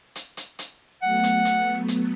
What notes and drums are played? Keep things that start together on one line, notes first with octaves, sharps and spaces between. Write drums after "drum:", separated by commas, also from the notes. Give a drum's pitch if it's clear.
drum: hi-hat
drum: hi-hat
drum: hi-hat
F#3 A3 B3 F#5
drum: hi-hat
drum: hi-hat
drum: hi-hat